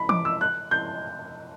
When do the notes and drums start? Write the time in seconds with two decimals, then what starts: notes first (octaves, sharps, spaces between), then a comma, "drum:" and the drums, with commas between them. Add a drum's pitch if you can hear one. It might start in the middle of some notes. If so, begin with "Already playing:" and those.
Already playing: B5
0.09 D6, drum: tom E3
0.25 E6
0.41 F#6
0.71 G6